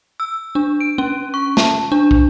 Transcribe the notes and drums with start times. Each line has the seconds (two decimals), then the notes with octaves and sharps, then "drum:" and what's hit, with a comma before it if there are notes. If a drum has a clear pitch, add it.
0.20 E6
0.55 D4
0.81 D7
0.98 C#4
1.34 C#6
1.57 A5, drum: snare
1.92 D4
2.11 drum: kick